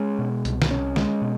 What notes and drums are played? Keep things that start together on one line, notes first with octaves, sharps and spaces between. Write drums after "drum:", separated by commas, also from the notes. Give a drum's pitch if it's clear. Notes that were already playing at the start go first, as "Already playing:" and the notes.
Already playing: G#3 C#4
B2
C2, drum: hi-hat
drum: snare
C#4
G#3, drum: snare
B2